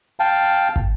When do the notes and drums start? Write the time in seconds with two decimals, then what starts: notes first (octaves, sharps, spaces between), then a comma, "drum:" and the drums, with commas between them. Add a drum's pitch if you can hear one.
0.20 F5 G5 A5
0.76 drum: kick